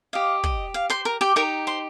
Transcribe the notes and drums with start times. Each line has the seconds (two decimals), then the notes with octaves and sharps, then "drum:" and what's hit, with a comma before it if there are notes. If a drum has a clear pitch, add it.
0.13 G4 D#5 F5
0.44 D#5, drum: kick
0.74 F5
0.90 C5 C6
1.05 A#4 A#5
1.21 G4 G5
1.36 D#4 G4 A#4 A#5
1.67 C5 C6